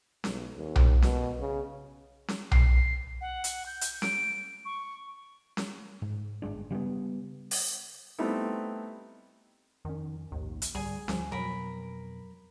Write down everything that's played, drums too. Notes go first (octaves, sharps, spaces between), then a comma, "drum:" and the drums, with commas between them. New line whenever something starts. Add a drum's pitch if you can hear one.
B1, drum: snare C#4
D#2
drum: tom B1
B2, drum: snare C#4
C#3
drum: snare C#4
C7, drum: tom B1
F#5
drum: hi-hat
G6
drum: hi-hat
D7, drum: snare C#4
C#6
drum: snare C#4
G#2
G1 F2 G#3 D4
C#3 G3 A#3 B3
drum: open hi-hat
G3 A3 B3 C4 D#4 E4
F2 D#3 C#4
A#1 D#2 G#2
drum: hi-hat
C2 G#2 D3 G3 G#4 G#5
D2 F3 G3, drum: snare C#4
F2 B2 F#3 A#4 B5